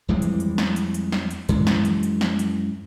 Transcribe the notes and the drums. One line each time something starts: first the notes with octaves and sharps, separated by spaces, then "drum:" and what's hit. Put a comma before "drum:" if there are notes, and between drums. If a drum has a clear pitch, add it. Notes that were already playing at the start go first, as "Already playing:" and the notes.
F2 E3 G3 G#3
drum: hi-hat
drum: hi-hat
drum: snare
drum: hi-hat
drum: hi-hat
drum: snare
drum: hi-hat
F#2 E3 G#3, drum: hi-hat
drum: snare
drum: hi-hat
drum: hi-hat
drum: snare
drum: hi-hat